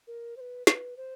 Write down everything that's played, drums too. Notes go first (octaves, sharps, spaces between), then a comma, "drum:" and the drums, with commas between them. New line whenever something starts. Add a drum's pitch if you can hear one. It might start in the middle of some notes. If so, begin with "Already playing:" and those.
A#4
C5
B4
B4, drum: snare
C5